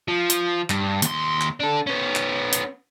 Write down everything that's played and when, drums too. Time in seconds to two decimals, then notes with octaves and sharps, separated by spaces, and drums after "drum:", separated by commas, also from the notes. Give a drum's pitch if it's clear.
0.08 F3
0.30 drum: hi-hat
0.70 G2, drum: clap
1.02 D#2 C6, drum: hi-hat
1.41 drum: clap
1.60 D4 A4
1.87 B3 C#4
2.16 drum: clap
2.53 drum: hi-hat